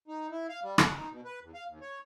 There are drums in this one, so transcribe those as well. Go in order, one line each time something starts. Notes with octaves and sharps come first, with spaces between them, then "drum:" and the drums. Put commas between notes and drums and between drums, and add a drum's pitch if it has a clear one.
D#4
E4
F5
G3
F#5, drum: rim click
D#4
B2
B4
E2
F5
D#2
C#5